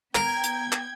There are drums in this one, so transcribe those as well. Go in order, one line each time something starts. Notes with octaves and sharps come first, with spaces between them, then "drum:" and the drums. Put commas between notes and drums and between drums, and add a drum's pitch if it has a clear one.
B3 A#4 G5 G#6, drum: clap
drum: hi-hat
drum: clap